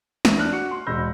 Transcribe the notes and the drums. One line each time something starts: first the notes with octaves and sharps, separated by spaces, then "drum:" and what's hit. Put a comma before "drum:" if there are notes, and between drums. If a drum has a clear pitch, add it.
E3, drum: snare
D4 F6 F#6
F#4 C#7
C6
E1 G#3 B5 E6 G6 A#6